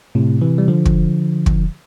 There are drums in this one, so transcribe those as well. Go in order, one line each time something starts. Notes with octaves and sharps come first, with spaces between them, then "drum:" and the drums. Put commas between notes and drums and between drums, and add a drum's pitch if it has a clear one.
A2 C3
C3 E3
G3
D3 F3
drum: kick
drum: kick